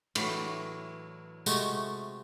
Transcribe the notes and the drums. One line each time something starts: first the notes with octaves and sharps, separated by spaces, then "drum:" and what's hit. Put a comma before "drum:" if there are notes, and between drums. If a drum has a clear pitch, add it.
A2 E3 F#3 A3, drum: cymbal
C3 G#3 A3 F#4, drum: tambourine